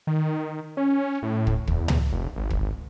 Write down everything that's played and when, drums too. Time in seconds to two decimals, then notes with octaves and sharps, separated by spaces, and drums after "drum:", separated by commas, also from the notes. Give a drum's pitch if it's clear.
0.07 D#3
0.77 C#4
1.23 A2
1.47 drum: kick
1.67 E2, drum: kick
1.88 drum: tom C#2
2.12 F1
2.36 G#1
2.50 drum: kick